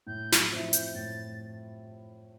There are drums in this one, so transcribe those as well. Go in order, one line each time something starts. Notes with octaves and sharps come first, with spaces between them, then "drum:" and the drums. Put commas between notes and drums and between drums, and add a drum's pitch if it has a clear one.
A2 G6
drum: snare
F3 C4 E4
G6, drum: hi-hat
G6
A2 A6